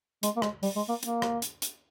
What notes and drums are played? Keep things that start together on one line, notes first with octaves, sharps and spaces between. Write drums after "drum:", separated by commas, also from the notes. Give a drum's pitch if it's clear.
G#3, drum: hi-hat
A#3
G#3, drum: rim click
G3, drum: open hi-hat
G#3
A#3
A#3, drum: hi-hat
drum: rim click
drum: hi-hat
drum: hi-hat